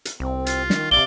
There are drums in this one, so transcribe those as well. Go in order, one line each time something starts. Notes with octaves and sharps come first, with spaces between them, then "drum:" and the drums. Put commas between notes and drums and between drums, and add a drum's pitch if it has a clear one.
drum: hi-hat
C2 C4
F4, drum: hi-hat
D#3, drum: snare
A#1 C3 D5 F5 G7